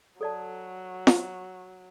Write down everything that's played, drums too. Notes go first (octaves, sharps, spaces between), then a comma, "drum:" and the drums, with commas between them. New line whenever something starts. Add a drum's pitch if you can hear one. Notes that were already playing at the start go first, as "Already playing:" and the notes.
F#3 A4 D5 A5
drum: snare F4